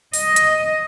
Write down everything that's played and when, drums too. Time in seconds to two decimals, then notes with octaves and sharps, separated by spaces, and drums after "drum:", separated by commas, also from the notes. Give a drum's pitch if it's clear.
0.14 D#5, drum: open hi-hat
0.36 drum: hi-hat